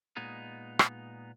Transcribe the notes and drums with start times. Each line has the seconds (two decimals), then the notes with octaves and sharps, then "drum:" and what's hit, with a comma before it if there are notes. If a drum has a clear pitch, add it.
0.17 A#2 G#3 B3 D#4
0.79 drum: rim click